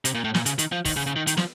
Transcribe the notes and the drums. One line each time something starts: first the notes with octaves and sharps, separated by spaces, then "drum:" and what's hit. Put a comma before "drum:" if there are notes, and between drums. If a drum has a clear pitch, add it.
C3, drum: hi-hat
A#2
A2
A#2, drum: snare
C#3, drum: hi-hat
D#3, drum: hi-hat
F3
D#3, drum: kick, open hi-hat
C#3
C#3
D#3
D#3, drum: hi-hat
F3, drum: snare